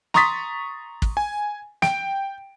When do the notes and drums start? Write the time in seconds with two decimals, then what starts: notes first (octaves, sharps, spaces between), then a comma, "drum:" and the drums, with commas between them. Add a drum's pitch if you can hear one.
0.14 A#5 C6 C#6 D#6 A6 B6, drum: snare
1.02 drum: kick
1.17 G#5
1.82 G5 D7, drum: snare